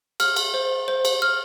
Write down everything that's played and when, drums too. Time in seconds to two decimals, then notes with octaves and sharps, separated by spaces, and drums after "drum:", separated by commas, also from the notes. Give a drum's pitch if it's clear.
0.20 F6, drum: cymbal
0.36 drum: cymbal
0.54 C5
0.88 C5
1.05 drum: cymbal
1.22 F6